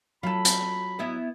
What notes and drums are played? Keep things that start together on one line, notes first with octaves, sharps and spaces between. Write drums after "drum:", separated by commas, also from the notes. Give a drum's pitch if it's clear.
F#3 F4 A4 B5
drum: hi-hat
B3 E4 D#5